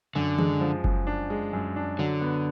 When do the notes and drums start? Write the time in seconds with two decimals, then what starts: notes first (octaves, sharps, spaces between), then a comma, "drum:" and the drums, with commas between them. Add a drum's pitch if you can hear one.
0.15 F#2 D3
0.38 G#3, drum: tom D#3
0.61 F3
0.84 F#2, drum: kick F#1
1.07 D4
1.30 G#3
1.53 F#2
1.76 D4
1.98 D3 F#3
2.21 B3